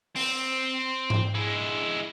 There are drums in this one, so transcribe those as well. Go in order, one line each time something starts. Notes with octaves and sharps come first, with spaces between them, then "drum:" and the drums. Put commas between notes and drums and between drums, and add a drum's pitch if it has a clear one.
C4, drum: open hi-hat
drum: tom G#2
G#3 E4